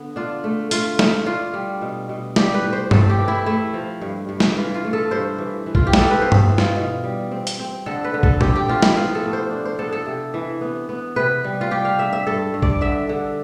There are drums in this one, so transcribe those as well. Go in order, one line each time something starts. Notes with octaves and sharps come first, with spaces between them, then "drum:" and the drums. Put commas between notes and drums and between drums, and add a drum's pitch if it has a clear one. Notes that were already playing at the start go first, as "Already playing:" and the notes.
Already playing: D3 B3
D4 F4
A3
A3 F4, drum: hi-hat
A3, drum: snare
D4 F4
G3
B2
B2
G3 G4, drum: snare
B4
A2
C5
A2 A4, drum: tom G2
G4
E3
E4
A3 E4
F3
G2
G2
drum: snare
E3 F4
F4
A3
A4
G2 C5
E3
E3
F4, drum: kick A#1
G4
B3, drum: snare
A4
B4
B3 C5
drum: tom G2
E3
F4, drum: snare
B2
G3
C4
drum: hi-hat
C4
D3 A4
B4
D3
A4, drum: kick A#1
C4 G4, drum: tom A#2
G4
F3 F4
E4, drum: snare
B3 F4
A4
A2
C5
D4
C5
B3 A4
A4
C3
E3
B3
B3
C3 B4
G3
F4
G3 G4
F5
D4 E5
E5
G2 A4
G2
D5, drum: kick A#1
D3 E5
D3